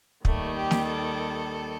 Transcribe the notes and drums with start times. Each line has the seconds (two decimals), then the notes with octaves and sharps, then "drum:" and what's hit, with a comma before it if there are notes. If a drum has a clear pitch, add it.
0.25 D#2 D#3 G3 A3, drum: kick
0.56 G4
0.71 drum: snare
0.86 A4